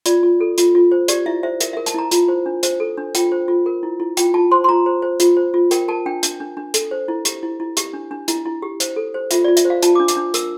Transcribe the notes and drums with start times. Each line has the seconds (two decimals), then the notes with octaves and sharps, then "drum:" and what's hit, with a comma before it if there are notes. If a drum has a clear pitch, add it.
0.06 F4 D5, drum: hi-hat
0.23 F4
0.40 A4
0.58 F4, drum: hi-hat
0.75 F4
0.92 C5
1.08 G4 D5, drum: hi-hat
1.26 E4 E5
1.43 C5 E5
1.61 A#4 E5, drum: hi-hat
1.73 A#4 E5
1.86 A5, drum: hi-hat
1.94 E4 A#5
2.11 F4, drum: hi-hat
2.28 C5
2.46 D4
2.63 C5, drum: hi-hat
2.80 A4
2.97 D4
3.15 F4 G5, drum: hi-hat
3.32 C5
3.48 F4
3.66 A#4
3.83 E4
4.00 E4
4.17 F4 G5, drum: hi-hat
4.34 F4 A5
4.51 C5 C6
4.64 C6
4.68 F4 A#5
4.86 C5
5.02 C5
5.20 F4, drum: hi-hat
5.37 C5
5.54 F4
5.71 A#4 G5, drum: hi-hat
5.88 A#4 A5
6.06 D4 G5
6.23 D4, drum: hi-hat
6.40 D4
6.57 D4
6.74 A4, drum: hi-hat
6.91 C5
7.08 E4
7.25 G4, drum: hi-hat
7.43 E4
7.60 E4
7.77 G4, drum: hi-hat
7.93 D4
8.11 D4
8.28 E4, drum: hi-hat
8.46 E4
8.62 G4
8.80 C5, drum: hi-hat
8.96 A4
9.14 C5
9.31 F4 E5, drum: hi-hat
9.44 F4 D5
9.57 E5, drum: hi-hat
9.65 C5
9.70 F5
9.83 F4 A5, drum: hi-hat
9.95 D6
10.00 D4
10.08 D6, drum: hi-hat
10.17 D4
10.34 A#4 E6, drum: hi-hat